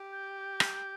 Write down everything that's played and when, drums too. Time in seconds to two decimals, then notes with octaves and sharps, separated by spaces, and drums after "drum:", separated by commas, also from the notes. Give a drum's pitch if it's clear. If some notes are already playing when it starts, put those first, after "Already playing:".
Already playing: G4
0.12 G6
0.60 drum: rim click